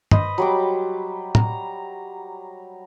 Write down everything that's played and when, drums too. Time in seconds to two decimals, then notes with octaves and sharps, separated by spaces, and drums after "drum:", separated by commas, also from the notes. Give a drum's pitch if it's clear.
0.11 B4 C5 D#5, drum: tom
0.38 F#3 G3 D6
1.35 A#5, drum: tom